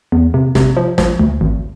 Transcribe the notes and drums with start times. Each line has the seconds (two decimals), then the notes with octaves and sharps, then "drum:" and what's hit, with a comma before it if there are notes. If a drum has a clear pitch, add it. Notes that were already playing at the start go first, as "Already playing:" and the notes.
0.12 E2
0.34 C3
0.55 C3, drum: snare
0.77 F3
0.98 F3, drum: snare
1.19 D2
1.41 G#1